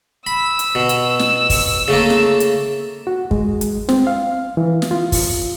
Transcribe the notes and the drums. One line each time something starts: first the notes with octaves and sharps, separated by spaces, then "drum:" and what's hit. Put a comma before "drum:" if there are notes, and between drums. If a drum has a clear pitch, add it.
B5 E6
drum: hi-hat
B2
drum: hi-hat
drum: snare
drum: kick, open hi-hat
C#3 A3 A#3
drum: snare
drum: hi-hat
F#4
G#3, drum: kick
drum: hi-hat
C4, drum: snare
F5
E3
drum: snare
F4
drum: kick, open hi-hat